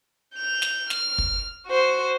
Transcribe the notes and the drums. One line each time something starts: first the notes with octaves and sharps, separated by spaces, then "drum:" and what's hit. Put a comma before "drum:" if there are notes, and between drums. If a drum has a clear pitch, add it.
G6 F7
drum: snare
F6, drum: snare
drum: kick
F#4 C5